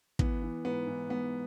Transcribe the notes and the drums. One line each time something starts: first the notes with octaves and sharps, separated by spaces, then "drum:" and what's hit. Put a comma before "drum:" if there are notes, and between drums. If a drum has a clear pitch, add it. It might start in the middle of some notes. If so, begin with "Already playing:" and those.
E3 B3, drum: kick
E3
G#2 B3
E3
G#2 B3